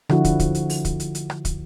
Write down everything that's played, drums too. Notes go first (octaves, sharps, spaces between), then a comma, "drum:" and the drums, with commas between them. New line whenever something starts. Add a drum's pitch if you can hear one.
D3 F3 E4 F#4, drum: rim click
drum: kick, hi-hat
drum: kick, hi-hat
drum: hi-hat
drum: open hi-hat
drum: kick, hi-hat
drum: hi-hat
drum: hi-hat
drum: rim click
drum: kick, hi-hat